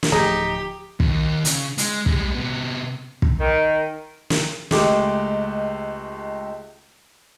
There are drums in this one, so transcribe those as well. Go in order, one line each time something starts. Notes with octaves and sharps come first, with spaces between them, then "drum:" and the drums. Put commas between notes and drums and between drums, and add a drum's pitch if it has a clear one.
drum: snare
D1 F3 A3 D#4 G4 G#4
D#2, drum: kick
C#3, drum: hi-hat
G#3, drum: hi-hat
G3 G#3, drum: kick
C3 B3
drum: kick
D#3
drum: snare
C#2 G#3 A3 G4 D6, drum: snare